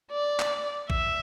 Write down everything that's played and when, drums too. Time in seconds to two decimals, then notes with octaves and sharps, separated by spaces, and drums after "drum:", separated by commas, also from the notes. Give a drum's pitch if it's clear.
0.12 D5
0.40 drum: clap
0.90 E5, drum: kick A#1